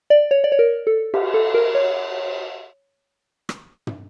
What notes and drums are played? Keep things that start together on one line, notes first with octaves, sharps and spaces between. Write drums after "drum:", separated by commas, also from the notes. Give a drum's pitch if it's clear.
D5
C#5
D5
C#5
A#4
A4
G4, drum: cymbal
A4
A#4
C#5
drum: rim click
drum: tom